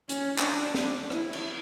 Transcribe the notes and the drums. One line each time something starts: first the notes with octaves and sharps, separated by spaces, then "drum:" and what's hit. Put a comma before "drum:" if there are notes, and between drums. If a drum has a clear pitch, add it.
C#4, drum: hi-hat
D4, drum: clap
drum: snare
E4, drum: rim click
drum: cymbal